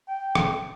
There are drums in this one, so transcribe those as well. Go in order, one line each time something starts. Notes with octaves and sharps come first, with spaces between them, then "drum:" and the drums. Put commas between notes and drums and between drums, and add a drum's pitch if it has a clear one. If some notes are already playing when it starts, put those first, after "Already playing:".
G5
drum: rim click